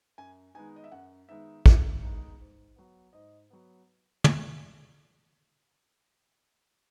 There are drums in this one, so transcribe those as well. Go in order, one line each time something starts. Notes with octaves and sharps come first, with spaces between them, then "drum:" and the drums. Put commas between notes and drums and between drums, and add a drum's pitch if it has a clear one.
F#2 G#5
D#3 G#3 B3 D#4 G#5
D#5
E5
F#2 F#5
D#3 G#3 B3 D#4 E5
F#2, drum: kick
D#3 G#3 B3 D#4
G#2
F#3 B3
G#2 D#5
F#3 B3
drum: tom